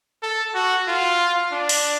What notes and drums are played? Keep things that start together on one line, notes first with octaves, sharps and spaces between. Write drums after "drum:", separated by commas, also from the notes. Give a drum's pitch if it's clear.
A4
F#4
F4
D4
drum: open hi-hat